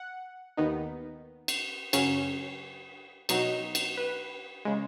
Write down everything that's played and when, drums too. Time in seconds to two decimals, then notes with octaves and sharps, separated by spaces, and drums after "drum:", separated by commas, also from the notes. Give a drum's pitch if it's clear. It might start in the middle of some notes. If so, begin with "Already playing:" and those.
Already playing: F#5
0.57 D#2 D#3 B3 D#4
1.48 drum: cymbal
1.93 F#2 C#3 F#3 C#4, drum: cymbal
3.29 B2 F#3 D#4, drum: cymbal
3.75 drum: cymbal
3.97 B4
4.65 C#3 G#3